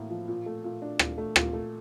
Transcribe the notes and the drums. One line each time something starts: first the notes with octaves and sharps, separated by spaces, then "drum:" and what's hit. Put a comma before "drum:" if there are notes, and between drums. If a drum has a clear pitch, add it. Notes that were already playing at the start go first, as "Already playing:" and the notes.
Already playing: A2 A#3 E4
F3
A#2
A3
A#2
D4
A#2, drum: rim click
A3
A#2, drum: rim click
A3